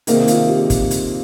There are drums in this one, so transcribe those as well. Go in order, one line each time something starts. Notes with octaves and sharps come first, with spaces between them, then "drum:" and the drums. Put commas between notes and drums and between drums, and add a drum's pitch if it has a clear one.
C3 D#3 A#3 G#4, drum: hi-hat
F4, drum: hi-hat
G4
drum: kick, hi-hat
drum: hi-hat